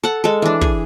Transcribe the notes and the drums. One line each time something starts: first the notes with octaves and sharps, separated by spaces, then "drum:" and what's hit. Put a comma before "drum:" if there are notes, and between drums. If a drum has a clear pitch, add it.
A4 F#5
G#3 A4
E3 D4
G#4, drum: kick